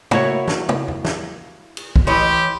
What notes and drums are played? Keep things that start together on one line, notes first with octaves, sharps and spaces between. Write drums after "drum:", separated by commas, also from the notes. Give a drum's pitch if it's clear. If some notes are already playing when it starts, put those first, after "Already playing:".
A#3 E4 F#4 C#5, drum: tom
drum: snare
drum: tom
drum: tom E2
drum: snare
drum: cymbal
drum: kick
E3 G4 C#5 D#5 B5 C6